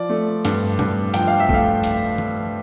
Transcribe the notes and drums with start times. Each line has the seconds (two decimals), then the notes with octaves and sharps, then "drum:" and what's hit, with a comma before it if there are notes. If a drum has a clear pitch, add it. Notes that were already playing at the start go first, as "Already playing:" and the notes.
Already playing: F3 D5
0.10 A3
0.45 G2, drum: hi-hat
0.79 G2, drum: tom
1.14 F3 G5, drum: hi-hat
1.27 F5
1.40 E5
1.49 A3 F5, drum: kick
1.84 drum: hi-hat
2.18 drum: tom D#3